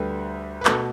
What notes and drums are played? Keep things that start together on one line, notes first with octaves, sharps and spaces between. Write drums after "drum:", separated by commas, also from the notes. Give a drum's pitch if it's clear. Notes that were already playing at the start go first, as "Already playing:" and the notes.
Already playing: D2 D3 G3 B4
B4
B2 A3 A4, drum: clap